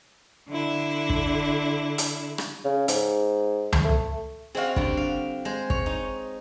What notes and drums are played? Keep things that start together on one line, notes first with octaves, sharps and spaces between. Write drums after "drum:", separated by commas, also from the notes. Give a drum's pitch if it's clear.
D3 E4
drum: kick
drum: hi-hat
drum: rim click
C#3
G#2, drum: hi-hat
drum: tom C#2
A3
C4 F#4 G#4 D#5 F5
D3 G3 D4, drum: kick
F5
G#3 C5
C#5, drum: kick
D#4